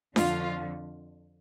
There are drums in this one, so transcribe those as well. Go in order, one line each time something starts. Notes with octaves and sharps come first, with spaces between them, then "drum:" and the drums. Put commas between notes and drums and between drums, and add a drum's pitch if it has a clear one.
F2 D3 F4, drum: snare D4